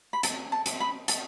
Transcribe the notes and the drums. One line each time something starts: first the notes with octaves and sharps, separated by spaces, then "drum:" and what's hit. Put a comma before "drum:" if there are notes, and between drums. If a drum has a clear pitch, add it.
B5
A5, drum: hi-hat
A5
drum: hi-hat
B5
A5, drum: hi-hat